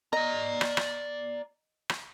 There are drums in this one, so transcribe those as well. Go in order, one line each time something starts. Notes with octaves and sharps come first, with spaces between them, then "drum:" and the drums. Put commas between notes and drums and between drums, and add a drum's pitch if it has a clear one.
D5 D#5 A#5
drum: rim click
drum: rim click
drum: rim click